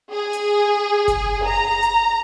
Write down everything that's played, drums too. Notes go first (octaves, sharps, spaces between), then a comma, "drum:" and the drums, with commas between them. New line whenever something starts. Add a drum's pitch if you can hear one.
G#4
drum: hi-hat
drum: kick F#1, hi-hat
A#5
drum: hi-hat